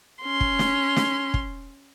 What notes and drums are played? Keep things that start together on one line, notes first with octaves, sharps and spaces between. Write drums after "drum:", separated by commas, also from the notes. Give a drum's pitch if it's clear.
C#4 C6
drum: kick
drum: snare
drum: snare
drum: kick